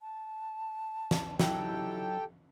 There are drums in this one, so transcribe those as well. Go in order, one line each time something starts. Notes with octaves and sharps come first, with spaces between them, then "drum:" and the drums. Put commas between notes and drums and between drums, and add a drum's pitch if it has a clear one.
A5
drum: snare
F#3 D#4 E4 G4 A4 G5, drum: snare